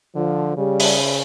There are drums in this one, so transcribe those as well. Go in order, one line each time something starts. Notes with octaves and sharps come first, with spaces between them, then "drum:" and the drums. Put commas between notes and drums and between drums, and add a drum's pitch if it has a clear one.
D3 F3
C#3 G3
drum: open hi-hat